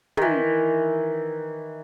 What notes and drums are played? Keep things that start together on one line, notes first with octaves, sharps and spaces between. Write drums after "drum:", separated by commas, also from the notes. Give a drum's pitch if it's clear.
D#3 E3, drum: tom